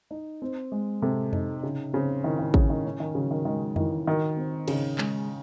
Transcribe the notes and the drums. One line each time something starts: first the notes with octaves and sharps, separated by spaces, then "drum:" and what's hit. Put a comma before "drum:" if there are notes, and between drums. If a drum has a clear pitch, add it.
D#4
C4
G#3
C3 A4
D#4, drum: tom F2
C#3 D#4
C#3 C4
D#3 E4
D#3
C#3 C#4, drum: kick
D#3
C#4
D#3
C#3 F#3
D#3
D#3 G#3
D#3 E3, drum: tom F2
D#3 F#4
C4
C#3 D#4, drum: cymbal
G#3, drum: clap